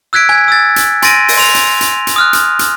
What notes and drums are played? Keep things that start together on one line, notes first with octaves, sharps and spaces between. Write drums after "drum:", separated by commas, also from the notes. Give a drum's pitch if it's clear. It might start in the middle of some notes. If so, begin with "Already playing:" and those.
E6 F#6 G#6 B6 D7
G#5 G#6
E6 A6
drum: hi-hat
G#5 C6 A6 A#6 D7 D#7, drum: hi-hat
drum: open hi-hat
C6 F7
drum: hi-hat
drum: hi-hat
drum: hi-hat
D#6 F6 F#6
drum: hi-hat
drum: hi-hat